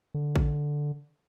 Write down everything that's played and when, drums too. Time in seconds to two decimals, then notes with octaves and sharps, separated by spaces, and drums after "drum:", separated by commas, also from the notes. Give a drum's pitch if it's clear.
0.14 D3
0.36 drum: kick A1